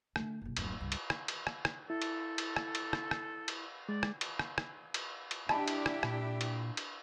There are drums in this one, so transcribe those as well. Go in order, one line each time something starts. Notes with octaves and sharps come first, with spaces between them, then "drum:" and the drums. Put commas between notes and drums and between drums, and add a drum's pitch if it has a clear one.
D3 A3, drum: rim click
F#1 B1
D1 F#2, drum: cymbal
C#2 G2
drum: cymbal
drum: rim click
drum: cymbal
drum: rim click
drum: rim click
E4 A4
drum: cymbal
drum: cymbal
drum: rim click
drum: cymbal
drum: rim click
drum: rim click
drum: cymbal
G#3 D5
drum: rim click
drum: cymbal
drum: rim click
drum: rim click
drum: cymbal
drum: cymbal
D4 E4 G4 D#5 A5 B5, drum: rim click
drum: cymbal
drum: rim click
A#2, drum: rim click
drum: cymbal
drum: cymbal